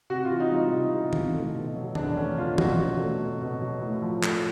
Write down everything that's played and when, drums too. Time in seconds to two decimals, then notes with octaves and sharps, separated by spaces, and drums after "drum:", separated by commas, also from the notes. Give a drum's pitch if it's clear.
0.10 C3 F#4
0.25 F4
0.30 E3
0.40 D#4
0.51 G3
0.56 D#4
0.72 C3
0.93 C3
1.13 E3, drum: tom D#3
1.33 A3
1.54 B2
1.75 F#3
1.95 E2 D4, drum: tom D#3
2.17 A3 C#4
2.37 B2 F4
2.58 B2 F#4, drum: tom
2.79 F#3
2.99 A3
3.19 B2
3.41 B2
3.61 F#3
3.82 A2
4.02 F3
4.23 A3, drum: clap